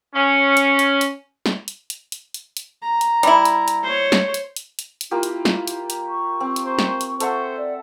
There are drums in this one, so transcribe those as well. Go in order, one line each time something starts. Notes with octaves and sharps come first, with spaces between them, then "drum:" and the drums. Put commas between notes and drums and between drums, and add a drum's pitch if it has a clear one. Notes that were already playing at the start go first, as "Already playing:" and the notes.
C#4
drum: hi-hat
drum: hi-hat
drum: hi-hat
drum: snare
drum: hi-hat
drum: hi-hat
drum: hi-hat
drum: hi-hat
drum: hi-hat
A#5
drum: hi-hat
G3 E4, drum: hi-hat
drum: hi-hat
drum: hi-hat
C5 C#5
drum: snare
drum: hi-hat
drum: hi-hat
drum: hi-hat
drum: hi-hat
A#3 E4 F4 G4
drum: hi-hat
drum: snare
drum: hi-hat
drum: hi-hat
C#6
C4
drum: hi-hat
C5
drum: snare
drum: hi-hat
A4 C5 E5 F#5, drum: hi-hat
D5